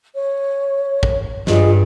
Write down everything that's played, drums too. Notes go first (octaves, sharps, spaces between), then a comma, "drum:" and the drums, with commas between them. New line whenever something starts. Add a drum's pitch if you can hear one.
C#5
drum: kick
G2 F4 G#4 D#5, drum: snare